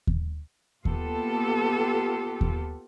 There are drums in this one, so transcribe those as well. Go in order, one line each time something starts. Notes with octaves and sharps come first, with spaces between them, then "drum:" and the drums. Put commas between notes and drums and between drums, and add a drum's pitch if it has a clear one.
drum: kick D#2
A#3 B3 F4 G4 A4, drum: kick D#2
drum: kick D#2